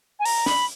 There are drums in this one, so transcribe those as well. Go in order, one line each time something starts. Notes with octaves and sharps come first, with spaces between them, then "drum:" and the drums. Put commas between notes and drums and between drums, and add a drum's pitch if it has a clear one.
G#5
A#5, drum: open hi-hat
B5, drum: snare